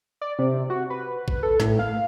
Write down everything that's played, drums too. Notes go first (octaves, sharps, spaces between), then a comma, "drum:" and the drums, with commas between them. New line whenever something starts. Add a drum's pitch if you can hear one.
D5
C3
F#4
B4
drum: kick G#1
A4
A2, drum: snare
F5